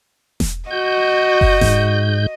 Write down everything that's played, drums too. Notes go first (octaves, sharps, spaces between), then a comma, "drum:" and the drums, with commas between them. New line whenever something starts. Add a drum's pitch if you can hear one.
drum: snare E1
F#4 D#5 G6
drum: kick F#1
G#2 G6, drum: snare E1